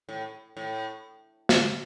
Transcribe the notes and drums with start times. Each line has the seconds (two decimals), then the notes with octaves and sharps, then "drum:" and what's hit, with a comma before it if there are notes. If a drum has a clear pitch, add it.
0.09 A2
0.57 A2
1.49 drum: snare